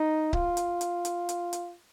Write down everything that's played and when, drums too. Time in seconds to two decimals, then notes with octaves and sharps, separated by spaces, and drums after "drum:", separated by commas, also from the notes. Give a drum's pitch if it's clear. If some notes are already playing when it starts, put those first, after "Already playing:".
Already playing: D#4
0.33 F4, drum: kick C#1
0.57 drum: hi-hat
0.81 drum: hi-hat
1.05 drum: hi-hat
1.29 drum: hi-hat
1.53 drum: hi-hat